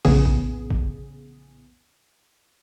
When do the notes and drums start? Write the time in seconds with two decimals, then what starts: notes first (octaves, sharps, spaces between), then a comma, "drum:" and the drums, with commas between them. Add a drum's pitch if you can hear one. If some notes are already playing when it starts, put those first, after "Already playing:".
0.05 A#1 E2 A2 C#3 B3 G#4, drum: open hi-hat
0.25 drum: kick
0.70 drum: kick